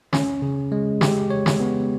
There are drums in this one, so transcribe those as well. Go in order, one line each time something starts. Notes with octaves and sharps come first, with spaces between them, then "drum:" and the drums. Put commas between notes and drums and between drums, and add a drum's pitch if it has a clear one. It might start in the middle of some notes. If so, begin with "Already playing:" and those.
C#4, drum: snare
C#3
G#3
G4, drum: snare
C#5
drum: snare
B3